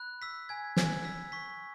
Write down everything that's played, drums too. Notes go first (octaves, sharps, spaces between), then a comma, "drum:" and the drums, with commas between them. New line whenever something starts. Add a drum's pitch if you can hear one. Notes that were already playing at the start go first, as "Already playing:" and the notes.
Already playing: B5 F#6
E6 B6
G#5 G#6
G#5 G#6, drum: snare
E6 B6
C#6 B6